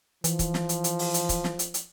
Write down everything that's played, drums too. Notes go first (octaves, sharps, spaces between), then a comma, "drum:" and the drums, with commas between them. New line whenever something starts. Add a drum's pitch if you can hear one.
E3 F3, drum: hi-hat
drum: kick C#1, hi-hat
drum: snare
drum: hi-hat
drum: hi-hat
drum: open hi-hat
drum: hi-hat
drum: kick C#1, hi-hat
drum: snare
drum: hi-hat
drum: hi-hat